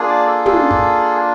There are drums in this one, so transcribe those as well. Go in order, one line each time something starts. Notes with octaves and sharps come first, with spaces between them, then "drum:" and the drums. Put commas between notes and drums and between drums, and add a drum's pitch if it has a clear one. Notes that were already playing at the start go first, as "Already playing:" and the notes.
Already playing: A#3 D4 F4 G#4
D5
A4
A4, drum: tom
drum: kick